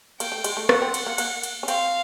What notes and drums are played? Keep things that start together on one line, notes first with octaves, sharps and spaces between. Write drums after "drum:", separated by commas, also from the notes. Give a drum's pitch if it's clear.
A#3 G5, drum: cymbal
A3
G#3, drum: cymbal
A3
A#3 F#5, drum: rim click
C4
drum: cymbal
A#3
A#3, drum: cymbal
drum: cymbal
C#4
C4 F5, drum: cymbal